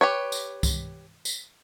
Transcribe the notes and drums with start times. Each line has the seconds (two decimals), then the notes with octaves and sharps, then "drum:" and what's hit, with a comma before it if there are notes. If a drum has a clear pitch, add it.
0.01 G4 B4 C#5
0.32 drum: tambourine
0.63 drum: kick C2, tambourine
1.25 drum: tambourine